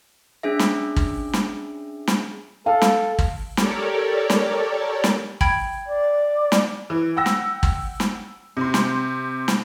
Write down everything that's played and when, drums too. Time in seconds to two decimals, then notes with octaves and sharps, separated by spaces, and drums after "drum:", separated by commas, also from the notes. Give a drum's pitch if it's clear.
0.43 C#4 D4 G#4 E5
0.59 drum: snare
0.96 drum: kick G#1
1.33 drum: snare
2.07 drum: snare
2.66 A4 F5
2.82 drum: snare
3.19 drum: kick G#1
3.57 G4 A4 A#4 C#5 D5, drum: snare
4.30 drum: snare
5.04 drum: snare
5.41 G5 B5 G#6, drum: kick G#1
5.87 D5
6.52 drum: snare
6.90 E3
7.17 F#5 G5 E6 A#6
7.26 drum: snare
7.63 drum: kick G#1
8.00 drum: snare
8.57 C3 C6
8.74 drum: snare
9.48 drum: snare